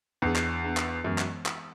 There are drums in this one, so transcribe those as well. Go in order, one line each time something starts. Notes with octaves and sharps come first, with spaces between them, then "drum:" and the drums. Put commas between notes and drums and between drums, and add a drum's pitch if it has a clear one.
E2 B3 D4 G#4
drum: clap
B3 D4 G#4
drum: clap
F#2 E3 G#3 B3
drum: clap
drum: clap